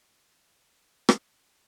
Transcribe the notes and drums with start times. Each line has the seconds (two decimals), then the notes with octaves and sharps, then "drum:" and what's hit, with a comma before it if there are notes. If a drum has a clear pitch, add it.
0.03 D#3 C4 D4 F4
1.09 drum: rim click